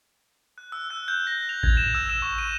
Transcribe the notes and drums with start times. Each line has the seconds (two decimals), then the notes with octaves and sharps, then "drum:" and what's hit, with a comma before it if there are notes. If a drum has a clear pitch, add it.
0.58 F#6
0.72 E6
0.90 F#6
1.08 G6
1.27 A#6
1.49 F7
1.63 G#6, drum: kick A1
1.77 E7
1.95 E6
2.09 E7
2.22 C#6
2.38 D#7